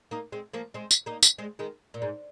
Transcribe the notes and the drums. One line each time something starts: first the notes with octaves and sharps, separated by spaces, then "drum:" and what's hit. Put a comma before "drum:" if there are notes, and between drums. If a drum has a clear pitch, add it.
A#3 D#4
G#3 C4
F3 A#3
G#3 C4
drum: tambourine
A#3 D#4
drum: tambourine
G#3 C4
D#3 G#3
A#2
G#2